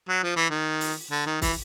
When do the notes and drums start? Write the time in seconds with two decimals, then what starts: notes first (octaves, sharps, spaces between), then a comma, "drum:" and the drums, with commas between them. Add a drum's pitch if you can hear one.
0.09 F#3
0.23 F3
0.36 E3
0.50 D#3
0.81 drum: open hi-hat
1.11 D3
1.26 D#3
1.42 E3, drum: kick, open hi-hat